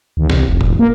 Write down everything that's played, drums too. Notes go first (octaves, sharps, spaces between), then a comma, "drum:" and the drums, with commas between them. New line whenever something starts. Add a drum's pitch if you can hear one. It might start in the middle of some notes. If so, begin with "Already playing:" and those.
D#2
C2, drum: snare
F1
E1, drum: tom A2
A#3